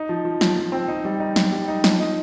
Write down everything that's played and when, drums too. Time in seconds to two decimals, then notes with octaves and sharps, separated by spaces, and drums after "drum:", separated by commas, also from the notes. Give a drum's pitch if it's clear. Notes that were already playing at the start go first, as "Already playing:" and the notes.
Already playing: D#4
0.09 F3
0.25 F3
0.41 F3, drum: snare
0.57 F3
0.72 C4
0.88 D#4
1.05 G3
1.20 D#4
1.36 G3, drum: snare
1.52 G3
1.68 D#4
1.84 F3, drum: snare
2.00 D#4